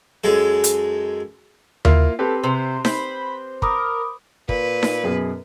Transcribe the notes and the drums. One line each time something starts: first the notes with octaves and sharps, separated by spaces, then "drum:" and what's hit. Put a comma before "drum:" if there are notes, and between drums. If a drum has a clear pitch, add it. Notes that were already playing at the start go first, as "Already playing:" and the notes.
F#2 G#3 A4
drum: hi-hat
A#3 E4 F4, drum: tom D#2
C4 G4 A4 B4
C3 C5
C5 B5, drum: snare D#4
A#4 B5 D6 D#6, drum: kick
A#2 B4, drum: kick
drum: snare D#4
F#2 B2 G#4